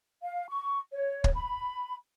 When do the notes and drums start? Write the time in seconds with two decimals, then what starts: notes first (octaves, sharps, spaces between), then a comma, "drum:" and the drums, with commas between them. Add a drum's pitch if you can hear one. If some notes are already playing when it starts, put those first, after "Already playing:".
0.22 F5
0.49 C#6
0.91 C#5
1.24 drum: kick
1.35 B5